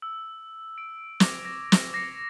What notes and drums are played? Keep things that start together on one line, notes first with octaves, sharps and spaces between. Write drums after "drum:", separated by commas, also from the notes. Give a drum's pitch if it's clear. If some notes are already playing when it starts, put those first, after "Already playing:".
E6
D7
C#6 D6 G#6 A#6 F7, drum: snare
A#6
drum: snare
D6 A#6 C7 C#7 F7